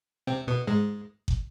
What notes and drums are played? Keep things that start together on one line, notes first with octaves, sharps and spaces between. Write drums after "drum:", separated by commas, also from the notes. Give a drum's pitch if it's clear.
C3 C4
B2 B3
G#2 G#3
drum: kick